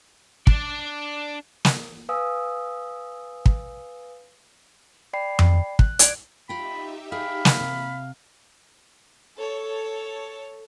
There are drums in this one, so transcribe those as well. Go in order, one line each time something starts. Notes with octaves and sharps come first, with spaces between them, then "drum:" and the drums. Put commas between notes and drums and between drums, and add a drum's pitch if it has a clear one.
D4 D5, drum: kick
drum: snare
B4 F5 G#5 D#6 E6
drum: kick
D5 G5 B5 C7
drum: tom F2
F#6, drum: kick
D5 G#6 D7, drum: hi-hat
D#4 F4 G4 E5 G5 B5
G#4 F5 G5 B5
drum: snare
C3
A4 C#5